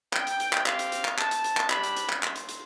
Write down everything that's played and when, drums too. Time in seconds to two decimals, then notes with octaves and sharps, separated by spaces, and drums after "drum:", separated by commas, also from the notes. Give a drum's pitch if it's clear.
0.13 G5, drum: clap
0.27 drum: hi-hat
0.40 drum: hi-hat
0.53 drum: clap
0.66 C4 G4 F5, drum: clap
0.79 drum: hi-hat
0.92 drum: hi-hat
1.05 drum: clap
1.19 A5, drum: clap
1.31 drum: hi-hat
1.44 drum: hi-hat
1.57 drum: clap
1.70 G3 D4 G4 B5, drum: clap
1.83 drum: hi-hat
1.97 drum: hi-hat
2.10 drum: clap
2.23 C6, drum: clap
2.36 drum: hi-hat
2.49 drum: hi-hat